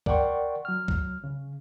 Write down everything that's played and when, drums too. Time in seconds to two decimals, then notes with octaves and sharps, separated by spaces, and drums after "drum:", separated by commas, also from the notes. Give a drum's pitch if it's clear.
0.06 A#4 D5 F#5 G5 C6 C#6, drum: kick C2
0.65 F#3 F6
0.88 drum: kick C2
1.24 C#3